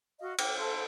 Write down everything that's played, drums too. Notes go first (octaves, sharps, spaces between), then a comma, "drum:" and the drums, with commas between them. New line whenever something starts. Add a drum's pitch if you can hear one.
F#4 D#5 F5
G5 D6, drum: cymbal
A4 C5 F5